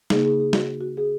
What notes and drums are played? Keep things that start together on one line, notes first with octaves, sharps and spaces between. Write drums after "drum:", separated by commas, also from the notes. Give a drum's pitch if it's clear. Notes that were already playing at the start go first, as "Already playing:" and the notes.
C#3 A#3 D#4 G#4, drum: snare
G#4
G#4
F#4, drum: snare
F#4
G#4